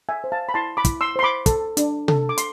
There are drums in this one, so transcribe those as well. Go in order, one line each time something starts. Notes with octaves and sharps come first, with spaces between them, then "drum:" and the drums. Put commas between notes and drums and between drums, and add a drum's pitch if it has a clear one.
E5 G#5
C5
F5 A5
B5
E4 A5 C6
B5 D6
E4, drum: kick, hi-hat
C6 E6
C5 C6
B5 D6
A4, drum: kick, hi-hat
D4, drum: hi-hat
A4, drum: tom C3
D6
C6, drum: hi-hat